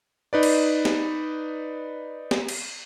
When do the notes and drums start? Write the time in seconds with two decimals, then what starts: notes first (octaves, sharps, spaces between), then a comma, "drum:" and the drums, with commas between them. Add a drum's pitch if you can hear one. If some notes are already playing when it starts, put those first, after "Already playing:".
0.33 D#4 B4 D5
0.43 drum: cymbal
0.85 drum: snare
2.31 drum: snare
2.48 drum: cymbal